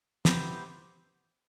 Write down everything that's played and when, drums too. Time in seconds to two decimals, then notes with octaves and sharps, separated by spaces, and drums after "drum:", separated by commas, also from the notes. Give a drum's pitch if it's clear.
0.25 B3 E4 G4 C5, drum: snare